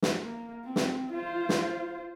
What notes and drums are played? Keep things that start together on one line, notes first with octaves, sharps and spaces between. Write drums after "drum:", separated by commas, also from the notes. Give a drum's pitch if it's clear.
drum: snare
A#3
C4
drum: snare
F4 C5
drum: snare